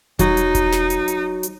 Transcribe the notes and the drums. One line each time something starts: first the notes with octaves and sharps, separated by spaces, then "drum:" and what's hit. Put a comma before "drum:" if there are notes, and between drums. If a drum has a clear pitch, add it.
F#3 D#4, drum: kick E1, hi-hat
drum: hi-hat
drum: kick E1, hi-hat
drum: snare
drum: hi-hat
drum: hi-hat
drum: hi-hat